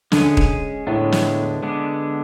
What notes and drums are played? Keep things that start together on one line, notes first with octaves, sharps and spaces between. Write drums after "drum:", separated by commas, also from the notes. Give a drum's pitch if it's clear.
D3 G#3 C#4 G#4, drum: snare
drum: kick D#1
A2 D3 G#3 B3 D4
drum: snare
D3 G#3 B3 D4